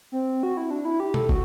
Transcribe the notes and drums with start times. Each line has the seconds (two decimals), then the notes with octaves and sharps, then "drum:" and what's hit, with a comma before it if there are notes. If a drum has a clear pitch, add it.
0.12 C4
0.43 F#4
0.57 E4
0.71 D4
0.85 E4
1.00 G4
1.14 A4, drum: tom
1.29 F#4, drum: kick